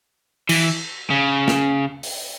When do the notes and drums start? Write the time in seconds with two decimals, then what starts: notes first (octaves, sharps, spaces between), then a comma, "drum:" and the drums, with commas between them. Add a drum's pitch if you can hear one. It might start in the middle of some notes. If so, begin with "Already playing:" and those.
0.49 E3, drum: cymbal
1.11 C#3
1.48 drum: snare
2.03 drum: open hi-hat